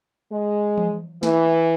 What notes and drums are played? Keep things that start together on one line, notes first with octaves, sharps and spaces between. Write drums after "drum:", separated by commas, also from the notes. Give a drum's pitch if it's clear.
G#3
drum: tom E3
E3, drum: snare